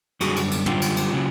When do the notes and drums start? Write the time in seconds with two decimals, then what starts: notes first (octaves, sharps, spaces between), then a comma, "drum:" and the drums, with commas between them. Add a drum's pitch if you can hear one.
0.21 F#2 D3 G3 F#4 G#4, drum: cymbal
0.36 drum: cymbal
0.51 drum: cymbal
0.66 F#2 D3 G3 F4 G4, drum: tom
0.82 drum: cymbal
0.97 drum: cymbal
1.13 C#3 F#3